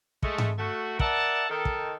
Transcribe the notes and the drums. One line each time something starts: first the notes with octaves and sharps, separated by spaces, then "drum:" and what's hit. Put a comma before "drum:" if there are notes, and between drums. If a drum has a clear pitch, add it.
G#3 A3, drum: kick
drum: tom G#2
A3 F#4
A#4 D5 E5 F#5 A5, drum: kick
D#3 A4
drum: kick